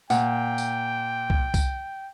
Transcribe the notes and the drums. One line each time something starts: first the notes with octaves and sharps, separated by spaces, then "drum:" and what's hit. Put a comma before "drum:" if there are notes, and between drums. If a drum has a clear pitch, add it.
A#2 F#5 G5, drum: tambourine
drum: tambourine
drum: kick C2
drum: kick C2, tambourine